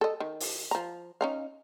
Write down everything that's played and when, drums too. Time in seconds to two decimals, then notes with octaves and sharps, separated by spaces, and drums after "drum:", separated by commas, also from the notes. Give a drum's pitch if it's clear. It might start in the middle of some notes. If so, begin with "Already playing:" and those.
0.01 A4 D#5
0.20 D#3
0.40 drum: open hi-hat
0.71 F3 A#5
1.21 C#4 D#4 F5